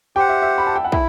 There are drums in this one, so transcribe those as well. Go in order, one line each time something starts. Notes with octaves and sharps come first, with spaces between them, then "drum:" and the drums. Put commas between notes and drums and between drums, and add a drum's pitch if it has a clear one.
G4 C5 F#5 G5
E5
E5
B5
A5
G5
F#5
E4 E5, drum: kick